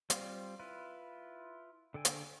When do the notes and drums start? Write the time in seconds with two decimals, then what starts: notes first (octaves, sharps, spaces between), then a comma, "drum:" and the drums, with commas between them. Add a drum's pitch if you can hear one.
0.10 G3 C4 F4, drum: hi-hat
0.59 E4 F4 B4
1.94 D3 A4 G5 G#5
2.05 drum: hi-hat